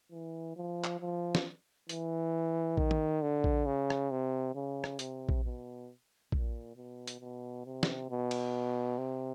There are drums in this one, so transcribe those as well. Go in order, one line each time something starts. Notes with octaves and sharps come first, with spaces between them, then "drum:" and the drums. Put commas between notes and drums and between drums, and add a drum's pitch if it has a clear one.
E3
F3
drum: clap
F3
drum: snare
E3, drum: hi-hat
D#3, drum: kick A#1
drum: tom D#3
D3
drum: kick A#1
C#3
drum: rim click
C3
C#3
drum: rim click
C3, drum: hi-hat
drum: kick A#1
B2
A#2, drum: kick A#1
B2
drum: hi-hat
B2
C3
drum: snare
B2
drum: cymbal
C3